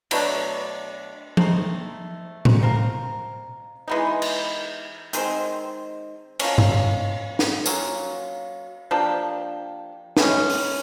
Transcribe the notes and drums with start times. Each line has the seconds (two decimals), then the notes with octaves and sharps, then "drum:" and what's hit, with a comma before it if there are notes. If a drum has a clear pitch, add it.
0.11 B2 F#3 A3 D4, drum: cymbal
1.37 A3 C4 D#4, drum: tom F3
2.45 drum: tom A2
2.63 C4 F4 A#4
3.88 E3 G#3 B3 D#4
4.22 drum: cymbal
5.13 D#3 G#3 C4, drum: hi-hat
6.40 F3 A#3 C#4, drum: cymbal
6.58 drum: tom G2
7.39 drum: snare
7.66 F#3 A#3 C#4 F4, drum: tambourine
8.91 F3 A#3 D4 G4
10.17 B2 G#3 C#4, drum: snare
10.50 drum: open hi-hat